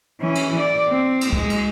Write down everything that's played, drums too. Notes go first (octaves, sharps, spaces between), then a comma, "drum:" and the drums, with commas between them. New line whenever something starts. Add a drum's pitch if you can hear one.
E3 C#4
drum: cymbal
D5
C4
drum: cymbal
G#3, drum: kick C#2
drum: cymbal